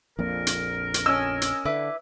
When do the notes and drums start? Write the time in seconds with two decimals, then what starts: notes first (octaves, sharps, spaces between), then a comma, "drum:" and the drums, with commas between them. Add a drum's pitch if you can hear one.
0.19 A#1 F2 A#2 A#4
0.47 drum: hi-hat
0.94 drum: hi-hat
1.06 C#4 D#5 G#5 E6
1.42 drum: hi-hat
1.65 D3 E4 B4 D6